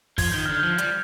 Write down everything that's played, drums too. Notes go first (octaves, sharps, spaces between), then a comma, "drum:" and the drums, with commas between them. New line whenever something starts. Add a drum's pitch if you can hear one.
F3 G#6, drum: kick, open hi-hat
D#3 G6
D3 F6
F3 G6
G3, drum: hi-hat